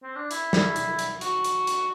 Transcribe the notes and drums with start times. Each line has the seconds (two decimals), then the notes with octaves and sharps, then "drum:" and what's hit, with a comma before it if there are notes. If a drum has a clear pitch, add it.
0.03 C4
0.16 D4
0.31 E4, drum: hi-hat
0.53 drum: snare
0.76 drum: hi-hat
0.99 drum: hi-hat
1.21 F#4, drum: hi-hat
1.44 drum: hi-hat
1.67 drum: hi-hat